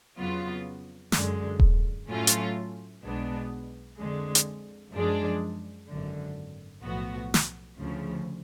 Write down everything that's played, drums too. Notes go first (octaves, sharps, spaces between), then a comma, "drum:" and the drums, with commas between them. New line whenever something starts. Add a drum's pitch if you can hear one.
F2 C#3 F#3 B3 F4
F#2 D3 G#3, drum: snare
drum: kick D#1
A2 F#3 A3 C#4 F4
drum: hi-hat
B1 B2 G#3 B3 D4
F2 D3 G#3
drum: hi-hat
F#2 F3 G#3 D4
G#1 F#2 D3
B1 A2 F3 B3 F#4
drum: snare
D2 C#3 F3